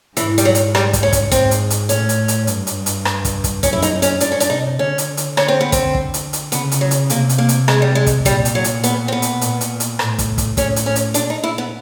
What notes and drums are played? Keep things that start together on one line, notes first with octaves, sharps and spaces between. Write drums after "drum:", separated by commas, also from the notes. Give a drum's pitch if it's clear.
G#2 E3, drum: hi-hat
G3, drum: hi-hat
F#3
drum: hi-hat
G3, drum: rim click
drum: kick, hi-hat
C#4
drum: kick, hi-hat
G#2 C4, drum: kick, hi-hat
drum: hi-hat
drum: hi-hat
A2 C#4, drum: hi-hat
drum: hi-hat
drum: hi-hat
G2, drum: hi-hat
drum: hi-hat
drum: hi-hat
drum: rim click
drum: kick, hi-hat
drum: kick, hi-hat
F#2 C#4, drum: kick, hi-hat
E4
D#4, drum: hi-hat
C#4, drum: hi-hat
G2 D4, drum: hi-hat
C#4
D4, drum: hi-hat
C3 D#4
D3 C#4
drum: hi-hat
drum: hi-hat
C#4, drum: rim click
C4
B3
C4, drum: kick, hi-hat
drum: kick
drum: hi-hat
drum: hi-hat
C#3 B3, drum: hi-hat
drum: hi-hat
F#3
drum: hi-hat
C3 A#3, drum: hi-hat
drum: hi-hat
A#3
drum: hi-hat
G#3, drum: rim click
G3
G#3
drum: kick, hi-hat
A#2 G3, drum: kick, hi-hat
drum: hi-hat
F#3
drum: hi-hat
B3, drum: hi-hat
C4
B3
drum: hi-hat
A#2, drum: hi-hat
drum: hi-hat
drum: hi-hat
A2, drum: rim click
drum: kick, hi-hat
drum: kick, hi-hat
A2 C#4, drum: kick, hi-hat
drum: hi-hat
C#4
drum: hi-hat
A#2 D4, drum: hi-hat
D#4
E4
B3